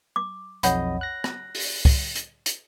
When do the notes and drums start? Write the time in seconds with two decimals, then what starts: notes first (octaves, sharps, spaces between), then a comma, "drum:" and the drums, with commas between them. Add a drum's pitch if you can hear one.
0.16 D6
0.63 B1 F2 C#5 D#5 F#5 B5, drum: hi-hat
1.01 F#6 A#6
1.24 drum: rim click
1.55 drum: open hi-hat
1.85 drum: kick C2, open hi-hat
2.16 drum: hi-hat
2.46 drum: hi-hat